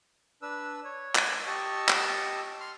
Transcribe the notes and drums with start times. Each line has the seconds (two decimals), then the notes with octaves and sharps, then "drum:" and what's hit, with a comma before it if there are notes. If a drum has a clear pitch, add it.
0.42 D4 B4 E6
0.85 C#5
1.15 drum: clap
1.47 G4 D#5 A5 C#6 E6
1.89 drum: clap
2.60 C6 F6